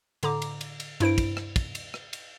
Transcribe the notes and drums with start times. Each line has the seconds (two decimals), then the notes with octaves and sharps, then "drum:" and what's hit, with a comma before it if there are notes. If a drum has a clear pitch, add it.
0.23 A2 D3 A#5 D6, drum: cymbal
0.42 drum: cymbal
0.61 drum: cymbal
0.80 drum: cymbal
1.00 G2 E4 C5 D7, drum: cymbal
1.18 drum: kick, cymbal
1.37 drum: rim click
1.56 drum: kick, cymbal
1.75 drum: cymbal
1.94 drum: rim click
2.13 drum: cymbal